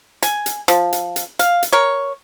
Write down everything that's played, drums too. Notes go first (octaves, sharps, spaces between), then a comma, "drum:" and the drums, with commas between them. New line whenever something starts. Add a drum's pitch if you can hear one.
G#5, drum: hi-hat
drum: hi-hat
F3, drum: hi-hat
drum: hi-hat
drum: hi-hat
F5, drum: hi-hat
drum: hi-hat
A#4 C#5